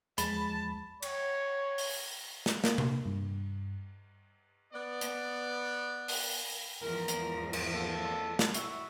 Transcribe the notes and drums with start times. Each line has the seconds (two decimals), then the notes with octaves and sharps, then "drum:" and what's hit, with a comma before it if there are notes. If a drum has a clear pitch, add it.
0.18 E2 F3 G#3 A5 B5, drum: hi-hat
1.02 C#5, drum: cymbal
1.78 drum: open hi-hat
2.46 drum: snare
2.64 A#3, drum: snare
2.78 drum: tom C3
3.06 G2
4.73 B3 D5
5.01 drum: hi-hat
6.08 drum: open hi-hat
6.83 E2 G#2 F3 A#4
7.08 drum: hi-hat
7.53 drum: cymbal
7.72 A#3 C4 A4
8.39 drum: snare
8.54 E4 F#4 E5, drum: hi-hat